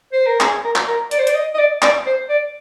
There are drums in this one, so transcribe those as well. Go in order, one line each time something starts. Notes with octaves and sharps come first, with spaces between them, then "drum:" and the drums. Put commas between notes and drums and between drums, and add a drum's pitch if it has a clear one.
C5
A#4
G#4, drum: clap
A#4
drum: clap
A#4
D5, drum: hi-hat
C5
D5, drum: hi-hat
D#5
D#5
D5
D5, drum: clap
C5
D5